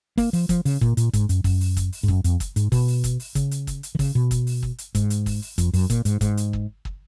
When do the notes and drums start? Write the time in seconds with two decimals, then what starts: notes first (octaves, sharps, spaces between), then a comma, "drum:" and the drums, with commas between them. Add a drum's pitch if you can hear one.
0.18 A#3, drum: kick, open hi-hat
0.33 F3, drum: open hi-hat
0.49 F3, drum: kick, hi-hat
0.65 C#3, drum: open hi-hat
0.81 A#2, drum: kick
0.97 A#2, drum: hi-hat
1.13 G#2, drum: kick, hi-hat
1.29 F#2, drum: hi-hat
1.44 F#2, drum: kick, open hi-hat
1.61 drum: open hi-hat
1.77 drum: kick, hi-hat
1.92 drum: open hi-hat
2.03 G#2
2.08 F#2, drum: kick
2.24 F2, drum: hi-hat
2.40 drum: kick, hi-hat
2.56 G#2, drum: hi-hat
2.72 B2, drum: kick, open hi-hat
2.88 drum: open hi-hat
3.04 drum: kick, hi-hat
3.20 drum: open hi-hat
3.35 C#3, drum: kick, hi-hat
3.51 drum: hi-hat
3.67 drum: kick, hi-hat
3.83 drum: hi-hat
3.95 D#3
3.99 C#3, drum: kick, open hi-hat
4.15 B2
4.31 drum: kick, hi-hat
4.47 drum: open hi-hat
4.63 drum: kick
4.78 drum: hi-hat
4.95 G#2, drum: kick, hi-hat
5.10 drum: hi-hat
5.26 drum: kick, open hi-hat
5.42 drum: open hi-hat
5.58 F2, drum: kick, hi-hat
5.73 F#2, drum: open hi-hat
5.90 A#2, drum: kick, hi-hat
6.05 G#2, drum: hi-hat
6.21 G#2, drum: kick, hi-hat
6.37 drum: hi-hat
6.53 drum: kick
6.85 drum: kick